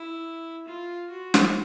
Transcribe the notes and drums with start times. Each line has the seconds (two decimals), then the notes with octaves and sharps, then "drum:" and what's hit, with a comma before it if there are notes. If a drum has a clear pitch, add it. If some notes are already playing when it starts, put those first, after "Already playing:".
Already playing: E4
0.68 F4
1.10 F#4
1.34 drum: snare